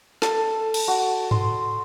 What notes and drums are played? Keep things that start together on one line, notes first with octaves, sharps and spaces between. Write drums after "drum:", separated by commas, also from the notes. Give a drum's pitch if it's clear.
A4, drum: snare
drum: cymbal
F#4
C6, drum: tom G2